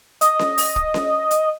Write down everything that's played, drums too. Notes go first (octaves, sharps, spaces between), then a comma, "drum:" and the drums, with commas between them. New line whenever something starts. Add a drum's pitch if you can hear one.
D#5, drum: hi-hat
drum: snare C#4
drum: open hi-hat
drum: kick
drum: snare C#4
drum: hi-hat